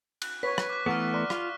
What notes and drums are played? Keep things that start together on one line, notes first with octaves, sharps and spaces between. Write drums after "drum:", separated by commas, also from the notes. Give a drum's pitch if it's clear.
F#6, drum: cymbal
B4 C#5 C#6 B6
drum: rim click
D6 F#6
E3 A3 B3 A4 F#5 A#5 C#6 F6
D5 A#5 C6 F#6
F4 F6, drum: rim click